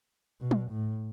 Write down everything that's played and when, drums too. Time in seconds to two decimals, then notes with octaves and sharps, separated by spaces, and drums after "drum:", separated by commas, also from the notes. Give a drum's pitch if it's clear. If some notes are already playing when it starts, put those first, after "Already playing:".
0.41 B2
0.51 drum: tom
0.71 A2